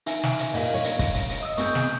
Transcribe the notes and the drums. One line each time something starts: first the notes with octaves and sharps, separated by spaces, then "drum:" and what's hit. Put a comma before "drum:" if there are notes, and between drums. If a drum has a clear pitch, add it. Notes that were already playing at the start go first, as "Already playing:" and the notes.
D#4 E5 G#5, drum: hi-hat
drum: snare
drum: hi-hat
A#2 D#5 F5, drum: open hi-hat
C#5
drum: hi-hat
drum: kick, hi-hat
drum: hi-hat
drum: hi-hat
D#5 D#6 E6
B3 C4 G#4 C#6 G6, drum: hi-hat
drum: snare